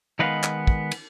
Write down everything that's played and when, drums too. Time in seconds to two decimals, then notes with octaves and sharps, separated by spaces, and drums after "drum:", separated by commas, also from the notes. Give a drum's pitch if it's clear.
0.19 D#3 G#3 B3 B4 D#5 F5
0.43 drum: clap
0.67 drum: kick
0.92 drum: cymbal